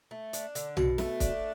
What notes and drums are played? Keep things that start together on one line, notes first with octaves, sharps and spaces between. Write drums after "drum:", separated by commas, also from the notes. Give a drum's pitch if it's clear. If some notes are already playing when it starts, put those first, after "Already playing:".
A3
D4, drum: hi-hat
D3, drum: hi-hat
B2, drum: tom
A3, drum: snare
D4, drum: kick, hi-hat